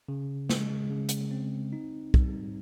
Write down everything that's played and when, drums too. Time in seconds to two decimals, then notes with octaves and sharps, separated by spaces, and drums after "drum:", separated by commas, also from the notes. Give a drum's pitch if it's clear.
0.08 C#3
0.49 G#3, drum: snare
0.90 C#3
1.09 drum: hi-hat
1.31 C4
1.73 D#4
2.14 G3, drum: kick